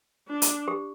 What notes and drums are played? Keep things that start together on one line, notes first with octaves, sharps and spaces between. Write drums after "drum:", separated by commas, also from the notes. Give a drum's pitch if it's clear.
D4
drum: hi-hat
G4